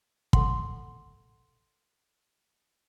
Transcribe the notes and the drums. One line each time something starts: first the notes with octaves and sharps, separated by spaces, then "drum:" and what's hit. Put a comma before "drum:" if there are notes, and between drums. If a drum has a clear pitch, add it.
A4 F#5 C6, drum: kick